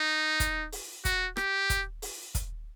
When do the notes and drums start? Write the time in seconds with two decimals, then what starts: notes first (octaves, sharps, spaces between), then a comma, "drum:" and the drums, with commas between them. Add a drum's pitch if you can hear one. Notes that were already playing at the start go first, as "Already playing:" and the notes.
Already playing: D#4
0.40 drum: kick, hi-hat
0.72 drum: open hi-hat
1.05 F#4, drum: kick, hi-hat
1.37 G4, drum: rim click
1.70 drum: kick, hi-hat
2.02 drum: open hi-hat
2.35 drum: kick, hi-hat